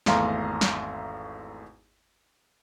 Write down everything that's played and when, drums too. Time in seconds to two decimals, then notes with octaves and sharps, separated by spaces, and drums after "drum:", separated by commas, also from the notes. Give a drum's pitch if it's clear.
0.06 G#1 E2 A3 F5 A#5 C6, drum: snare
0.61 drum: snare